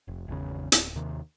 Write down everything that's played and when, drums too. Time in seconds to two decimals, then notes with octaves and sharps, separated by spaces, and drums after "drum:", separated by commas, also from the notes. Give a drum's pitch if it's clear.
0.08 F1
0.28 G#1 E2 C#3
0.72 D1, drum: hi-hat
0.95 D#2 C3 D#3